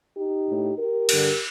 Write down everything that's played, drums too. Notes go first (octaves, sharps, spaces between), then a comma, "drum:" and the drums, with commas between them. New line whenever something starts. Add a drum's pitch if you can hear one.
D#4 G4
A2
G4 A#4
G2 D3, drum: cymbal